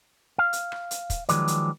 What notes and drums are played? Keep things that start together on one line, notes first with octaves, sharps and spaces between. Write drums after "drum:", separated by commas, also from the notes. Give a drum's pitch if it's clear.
F5
drum: hi-hat
drum: rim click
drum: hi-hat
drum: kick, hi-hat
D#3 F3 F#3 G#3 B4 D5, drum: hi-hat
drum: hi-hat